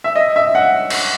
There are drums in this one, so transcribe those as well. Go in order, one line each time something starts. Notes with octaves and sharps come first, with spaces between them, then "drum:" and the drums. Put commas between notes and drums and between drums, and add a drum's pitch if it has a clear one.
E5
D#5
E5
F#5
drum: cymbal